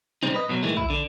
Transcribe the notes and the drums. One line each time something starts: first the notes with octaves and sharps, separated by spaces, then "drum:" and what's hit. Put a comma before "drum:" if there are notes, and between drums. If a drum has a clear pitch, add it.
B1 A#2 C#3 G3 C4 D#4
B4 D#5
B1 B2 D3 F#3
A2 D#3 E3 G#3 A3
E4, drum: kick
D3